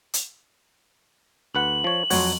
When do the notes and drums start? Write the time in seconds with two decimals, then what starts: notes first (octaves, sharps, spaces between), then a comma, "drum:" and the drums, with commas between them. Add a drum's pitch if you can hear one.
0.14 drum: hi-hat
1.55 D2 B4 F#5 F#7
1.84 F3 C#5
2.10 F2 F#3 F#4 C#5 C6, drum: open hi-hat